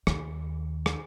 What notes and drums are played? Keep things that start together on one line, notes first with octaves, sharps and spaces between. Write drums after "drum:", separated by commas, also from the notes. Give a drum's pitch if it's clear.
D#2, drum: rim click
drum: rim click